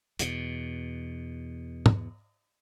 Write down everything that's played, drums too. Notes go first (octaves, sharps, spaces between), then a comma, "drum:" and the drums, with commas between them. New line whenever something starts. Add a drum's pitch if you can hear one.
E2 B2, drum: hi-hat
drum: tom